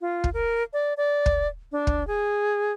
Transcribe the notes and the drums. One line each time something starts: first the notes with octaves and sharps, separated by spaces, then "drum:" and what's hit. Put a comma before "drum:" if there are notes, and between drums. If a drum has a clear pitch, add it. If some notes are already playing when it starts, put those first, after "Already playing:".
F4
drum: kick
A#4
D5
D5
drum: kick
D4
drum: kick
G#4